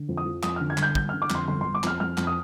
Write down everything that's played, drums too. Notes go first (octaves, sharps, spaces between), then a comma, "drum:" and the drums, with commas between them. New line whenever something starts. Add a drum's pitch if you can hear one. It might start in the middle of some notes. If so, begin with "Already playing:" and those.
Already playing: D3
F2
D#6
F3
F2 D#6, drum: clap
D3 F6
G#6
G1 G6, drum: clap
G1 G6, drum: kick
D3 F6
D6
F2 C6, drum: clap
G1 C6
G1 C6
D6
F2 F6, drum: clap
F2 F6
F2, drum: clap
D#6